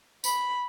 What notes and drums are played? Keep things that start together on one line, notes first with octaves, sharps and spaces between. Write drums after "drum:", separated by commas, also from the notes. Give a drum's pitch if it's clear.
B5, drum: tambourine